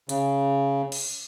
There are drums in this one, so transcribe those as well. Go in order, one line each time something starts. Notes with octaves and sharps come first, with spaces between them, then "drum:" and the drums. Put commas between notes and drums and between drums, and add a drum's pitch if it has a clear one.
C#3, drum: hi-hat
drum: cymbal